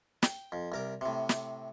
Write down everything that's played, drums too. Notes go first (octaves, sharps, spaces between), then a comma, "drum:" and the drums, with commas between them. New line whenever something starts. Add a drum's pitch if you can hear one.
G5, drum: snare
F2
C2 A#4 D6
A2 C3
drum: snare